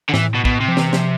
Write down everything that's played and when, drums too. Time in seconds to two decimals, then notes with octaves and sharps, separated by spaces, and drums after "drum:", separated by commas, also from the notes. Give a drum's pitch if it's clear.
0.10 D3
0.14 A2 E3, drum: snare
0.35 B2
0.45 B2, drum: kick
0.60 C3
0.68 F3
0.77 E3, drum: snare
0.93 F3, drum: snare